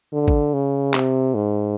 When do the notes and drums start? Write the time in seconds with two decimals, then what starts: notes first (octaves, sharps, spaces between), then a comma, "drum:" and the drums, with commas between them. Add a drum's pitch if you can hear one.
0.12 D3
0.28 drum: kick G#1
0.54 C#3
0.94 C3, drum: clap
1.34 G#2